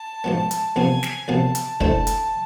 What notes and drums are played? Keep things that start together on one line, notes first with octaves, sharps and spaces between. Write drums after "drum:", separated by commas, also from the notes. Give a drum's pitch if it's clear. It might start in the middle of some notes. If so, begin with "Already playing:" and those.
Already playing: A5
G#2 F3 B3
drum: hi-hat
E2 C3 F3 B3 G#5
drum: snare
E2 C3 F3 B3 A5
drum: hi-hat
D3 A3 E4 A4 C5, drum: kick
drum: hi-hat